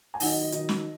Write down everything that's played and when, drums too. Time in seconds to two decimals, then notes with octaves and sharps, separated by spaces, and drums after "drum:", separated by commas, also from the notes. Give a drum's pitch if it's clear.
0.14 G#5
0.20 D#3 F#3 D#4 F#5, drum: open hi-hat
0.31 D#5
0.41 D#5
0.52 D#3 F#3 D#4 D#5, drum: hi-hat
0.69 drum: snare